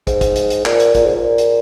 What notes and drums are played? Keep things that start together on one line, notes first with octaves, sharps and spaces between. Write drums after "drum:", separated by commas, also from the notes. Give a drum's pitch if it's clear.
G#2, drum: kick, hi-hat
drum: kick, hi-hat
drum: hi-hat
drum: hi-hat
A#2, drum: clap
drum: hi-hat
A#2, drum: kick, hi-hat
G#2
A#2
drum: hi-hat